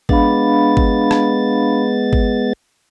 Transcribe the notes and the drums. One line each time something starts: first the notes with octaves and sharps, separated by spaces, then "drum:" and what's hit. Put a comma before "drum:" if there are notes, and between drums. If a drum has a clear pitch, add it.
G#3 B3 D4 F5 B5 A6, drum: kick G#1
drum: kick G#1
drum: rim click
drum: kick G#1